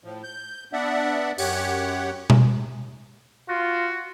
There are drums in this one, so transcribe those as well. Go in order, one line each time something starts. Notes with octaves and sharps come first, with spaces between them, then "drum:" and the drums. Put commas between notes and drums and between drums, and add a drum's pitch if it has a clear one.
A2 F3
G6
B3 D4 D5 E5 F#5
F#2 G4 C#5 F#5, drum: open hi-hat
drum: tom B2
F4 F#4